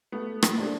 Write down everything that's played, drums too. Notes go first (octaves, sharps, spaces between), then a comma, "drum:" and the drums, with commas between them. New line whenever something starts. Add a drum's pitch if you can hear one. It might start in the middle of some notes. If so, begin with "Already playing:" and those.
A3 B3
drum: rim click
A3 A#3 C4 D4 G4